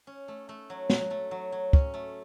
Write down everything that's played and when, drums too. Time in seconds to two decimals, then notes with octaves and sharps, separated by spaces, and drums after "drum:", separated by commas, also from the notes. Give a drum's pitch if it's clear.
0.07 C#4
0.28 A3
0.49 A3
0.70 F#3
0.90 F#3, drum: snare
1.10 A3
1.31 F#3
1.52 F#3
1.73 C#4, drum: kick
1.94 A3